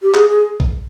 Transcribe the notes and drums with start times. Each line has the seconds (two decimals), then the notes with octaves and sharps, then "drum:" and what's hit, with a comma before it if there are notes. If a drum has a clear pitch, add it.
0.02 G4
0.14 G#4, drum: clap
0.30 G#4
0.60 drum: kick A#1